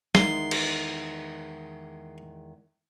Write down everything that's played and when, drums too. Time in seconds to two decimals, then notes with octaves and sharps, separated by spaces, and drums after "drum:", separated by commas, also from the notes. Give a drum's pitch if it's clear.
0.15 E2 D#3 G#3 C6, drum: snare
0.51 drum: cymbal